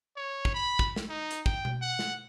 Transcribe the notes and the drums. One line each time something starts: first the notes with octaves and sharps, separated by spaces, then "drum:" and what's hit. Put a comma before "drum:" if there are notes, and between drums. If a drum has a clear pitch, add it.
C#5
drum: kick
B5
drum: kick
drum: snare
D#4
drum: hi-hat
G5, drum: kick
drum: tom B2
F#5
drum: snare